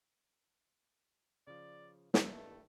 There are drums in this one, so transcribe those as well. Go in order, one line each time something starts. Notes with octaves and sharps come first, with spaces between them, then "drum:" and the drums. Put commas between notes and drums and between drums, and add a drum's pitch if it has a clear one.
C#3 F3 D5
G2 D#3 A3 A#3 E4, drum: snare